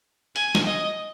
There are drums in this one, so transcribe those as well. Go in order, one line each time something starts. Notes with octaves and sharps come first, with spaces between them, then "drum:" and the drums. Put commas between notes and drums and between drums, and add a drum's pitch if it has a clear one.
G#5, drum: hi-hat
drum: snare
D#5